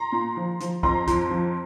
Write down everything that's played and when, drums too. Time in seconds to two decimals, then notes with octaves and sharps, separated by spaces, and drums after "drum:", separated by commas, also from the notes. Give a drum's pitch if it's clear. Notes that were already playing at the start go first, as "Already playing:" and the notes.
Already playing: A#5 C6
0.12 A#2
0.37 F3
0.60 F3, drum: hi-hat
0.83 F2 A#5 C6, drum: kick
1.07 F2, drum: kick, hi-hat
1.31 F3